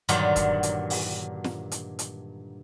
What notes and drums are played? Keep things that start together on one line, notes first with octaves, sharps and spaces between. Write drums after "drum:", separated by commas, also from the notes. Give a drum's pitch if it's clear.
G2 A#2 D3 D#3 F#3, drum: hi-hat
drum: kick, hi-hat
drum: hi-hat
drum: open hi-hat
drum: snare
drum: hi-hat
drum: hi-hat